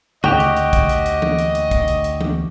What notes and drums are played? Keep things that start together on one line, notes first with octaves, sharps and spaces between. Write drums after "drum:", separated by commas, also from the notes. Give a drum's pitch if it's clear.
D2 F#4 G4 D#5 G5, drum: tom C#3
drum: hi-hat
drum: hi-hat
drum: kick, hi-hat
drum: hi-hat
drum: hi-hat
drum: tom E3
drum: hi-hat
drum: hi-hat
drum: kick, hi-hat
drum: hi-hat
drum: hi-hat
drum: tom E3